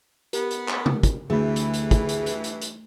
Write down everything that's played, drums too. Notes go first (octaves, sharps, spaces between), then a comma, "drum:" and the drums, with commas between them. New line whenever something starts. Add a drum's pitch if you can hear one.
B3 G4 A#4, drum: hi-hat
drum: hi-hat
drum: clap
drum: tom C3
drum: kick, hi-hat
D2 G2 E3 A3 G#4 B5
drum: hi-hat
drum: hi-hat
drum: kick, hi-hat
drum: hi-hat
drum: hi-hat
drum: hi-hat
drum: hi-hat